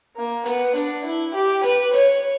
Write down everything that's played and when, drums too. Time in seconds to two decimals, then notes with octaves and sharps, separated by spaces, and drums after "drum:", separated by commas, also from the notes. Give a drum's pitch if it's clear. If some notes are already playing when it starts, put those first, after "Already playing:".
0.16 A#3
0.46 B3, drum: hi-hat
0.75 D4, drum: hi-hat
1.05 E4
1.34 G4
1.63 B4, drum: hi-hat
1.93 C#5, drum: hi-hat